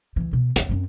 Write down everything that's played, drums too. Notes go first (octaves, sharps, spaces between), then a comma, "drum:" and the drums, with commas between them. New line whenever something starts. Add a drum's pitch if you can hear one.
D2 E3
B2
E2 D#3, drum: hi-hat
F#2 C4